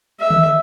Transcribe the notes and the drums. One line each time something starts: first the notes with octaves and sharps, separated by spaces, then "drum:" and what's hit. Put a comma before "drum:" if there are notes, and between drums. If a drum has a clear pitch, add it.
E5
drum: tom D3